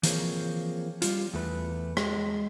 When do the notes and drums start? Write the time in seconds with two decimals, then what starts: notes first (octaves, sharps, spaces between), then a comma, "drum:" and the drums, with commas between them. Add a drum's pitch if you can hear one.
0.03 E3 F3 A#3 C4 G#4 C#5, drum: hi-hat
1.02 G3 F4, drum: hi-hat
1.34 E2 A3 B4
1.97 G#3, drum: rim click